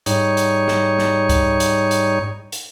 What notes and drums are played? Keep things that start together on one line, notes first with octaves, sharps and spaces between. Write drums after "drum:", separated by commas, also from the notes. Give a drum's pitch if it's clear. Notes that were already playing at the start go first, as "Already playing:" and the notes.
G#2 G3 D#4 C#5, drum: hi-hat
drum: hi-hat
drum: snare
drum: snare
drum: kick C#2, hi-hat
drum: hi-hat
drum: hi-hat
drum: hi-hat